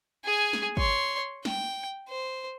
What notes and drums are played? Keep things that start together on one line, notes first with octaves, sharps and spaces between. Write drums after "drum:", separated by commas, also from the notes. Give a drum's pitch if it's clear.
G#4 G#5
drum: snare
C#5 C6, drum: kick
G5, drum: snare
C5